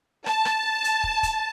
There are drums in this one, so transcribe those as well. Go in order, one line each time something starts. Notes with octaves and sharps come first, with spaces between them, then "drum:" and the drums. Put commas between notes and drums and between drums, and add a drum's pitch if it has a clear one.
A5, drum: rim click
drum: rim click
drum: hi-hat
drum: kick
drum: kick, hi-hat